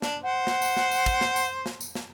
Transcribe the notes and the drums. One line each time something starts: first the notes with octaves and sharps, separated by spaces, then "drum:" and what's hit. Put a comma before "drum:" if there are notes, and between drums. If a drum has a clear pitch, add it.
D4, drum: snare
C5 F#5
drum: snare
drum: tambourine
drum: snare
drum: tambourine
drum: kick, tambourine
drum: snare
drum: tambourine
drum: snare
drum: tambourine
drum: snare